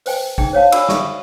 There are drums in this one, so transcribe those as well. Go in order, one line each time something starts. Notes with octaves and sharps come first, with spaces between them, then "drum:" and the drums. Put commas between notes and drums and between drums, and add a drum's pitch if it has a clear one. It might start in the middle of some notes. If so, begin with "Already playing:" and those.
B4 C5 G5 G#5, drum: open hi-hat
D4 D#4 G#4 G5, drum: kick A1
C5 C#5 F5 A5
D4 F#4 D5 B5 D6 E6, drum: cymbal
A4 D5 E5 C#6, drum: snare